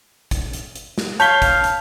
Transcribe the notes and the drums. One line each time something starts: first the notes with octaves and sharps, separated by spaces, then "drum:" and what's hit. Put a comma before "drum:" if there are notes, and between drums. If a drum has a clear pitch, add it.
drum: kick, hi-hat
drum: hi-hat
drum: hi-hat
drum: snare
C#5 F5 A5 G6 B6 G7, drum: hi-hat
drum: kick, hi-hat
drum: hi-hat